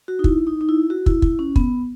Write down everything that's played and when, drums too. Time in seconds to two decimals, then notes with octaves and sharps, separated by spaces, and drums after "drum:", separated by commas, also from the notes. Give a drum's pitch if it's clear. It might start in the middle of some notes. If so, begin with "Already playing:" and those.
0.08 F#4
0.19 D#4
0.24 E4, drum: kick
0.47 D#4
0.61 D#4
0.69 E4
0.90 F#4
1.06 E4, drum: kick
1.22 E4, drum: kick
1.39 C#4
1.56 B3, drum: kick